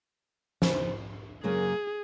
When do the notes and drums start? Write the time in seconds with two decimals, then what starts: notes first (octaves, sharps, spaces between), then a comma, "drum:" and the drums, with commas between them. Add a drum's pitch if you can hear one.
0.62 D#2 C#3 F3, drum: snare
1.43 F#2 C#3 F#3 A#3 C#4 G#4